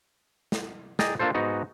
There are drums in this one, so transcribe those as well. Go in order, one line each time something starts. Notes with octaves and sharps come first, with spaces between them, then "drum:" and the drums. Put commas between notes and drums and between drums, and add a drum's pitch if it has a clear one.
drum: snare
G#4 D5 D#5 G5 A#5, drum: snare
A#3 D4 F4 A4 C5
G#2 B3 D#4 F#4